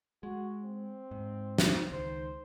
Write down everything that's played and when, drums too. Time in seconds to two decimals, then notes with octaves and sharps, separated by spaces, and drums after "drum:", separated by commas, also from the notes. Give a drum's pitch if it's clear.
0.23 G#3 F#4
0.63 C4
1.11 G#2
1.58 drum: snare
1.91 C#2 D#3 C5